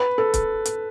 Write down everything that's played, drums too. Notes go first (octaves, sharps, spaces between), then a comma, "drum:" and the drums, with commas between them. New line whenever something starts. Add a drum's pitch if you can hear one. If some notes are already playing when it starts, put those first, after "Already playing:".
Already playing: B4
A4
drum: kick C#1, hi-hat
drum: hi-hat